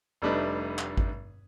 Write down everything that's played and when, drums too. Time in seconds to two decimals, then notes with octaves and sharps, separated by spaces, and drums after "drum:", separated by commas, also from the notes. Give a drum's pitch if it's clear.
0.22 F1 G3 A3 D4 D#4 B4
0.79 drum: clap
0.97 drum: kick G#1